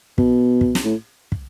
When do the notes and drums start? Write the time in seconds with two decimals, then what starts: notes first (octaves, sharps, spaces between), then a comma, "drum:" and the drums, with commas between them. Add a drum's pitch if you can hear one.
0.18 B2, drum: kick
0.61 drum: kick
0.75 drum: snare
0.85 A2
1.32 drum: kick